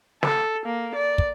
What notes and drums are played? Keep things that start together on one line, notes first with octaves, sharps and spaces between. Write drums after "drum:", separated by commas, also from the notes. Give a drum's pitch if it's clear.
A4, drum: snare
A#3
D5
drum: kick